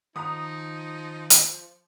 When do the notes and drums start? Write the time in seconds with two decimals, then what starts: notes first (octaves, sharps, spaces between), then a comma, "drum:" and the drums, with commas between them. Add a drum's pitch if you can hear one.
0.16 D#3 F3 D#4 F#5 A#5 B5 D#6
1.30 drum: hi-hat